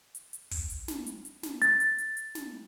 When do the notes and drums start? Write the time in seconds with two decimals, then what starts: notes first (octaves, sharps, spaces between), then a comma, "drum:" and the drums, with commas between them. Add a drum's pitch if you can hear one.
0.15 drum: hi-hat
0.33 drum: hi-hat
0.51 drum: kick, open hi-hat
0.70 drum: hi-hat
0.88 drum: snare
1.06 drum: hi-hat
1.25 drum: hi-hat
1.43 drum: snare
1.62 A6, drum: hi-hat
1.80 drum: hi-hat
1.98 drum: hi-hat
2.17 drum: hi-hat
2.35 drum: snare